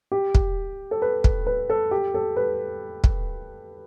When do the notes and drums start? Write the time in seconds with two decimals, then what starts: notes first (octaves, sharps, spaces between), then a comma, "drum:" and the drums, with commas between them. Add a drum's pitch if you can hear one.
0.12 G4
0.35 drum: kick
0.91 A4
1.02 B4
1.24 drum: kick
1.47 B4
1.70 A4
1.91 G4
2.14 A4
2.36 B4
3.04 drum: kick